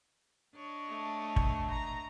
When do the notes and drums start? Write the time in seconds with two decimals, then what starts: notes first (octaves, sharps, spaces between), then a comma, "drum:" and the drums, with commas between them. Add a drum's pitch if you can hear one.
0.56 D4 C#5 D#5
0.88 A3
1.36 drum: kick
1.71 A#5